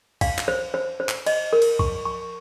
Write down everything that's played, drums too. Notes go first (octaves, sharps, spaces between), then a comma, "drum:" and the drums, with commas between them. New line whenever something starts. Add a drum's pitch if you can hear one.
F5, drum: kick, cymbal
drum: clap
C5
C5
C5
drum: clap
D#5, drum: cymbal
A#4
drum: cymbal
C#6, drum: kick
C#6